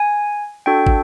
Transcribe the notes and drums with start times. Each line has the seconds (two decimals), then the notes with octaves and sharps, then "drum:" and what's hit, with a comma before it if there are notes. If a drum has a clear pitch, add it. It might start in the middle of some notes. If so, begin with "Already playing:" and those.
Already playing: G#5
0.66 D4 F#4 A4 G5
0.87 drum: kick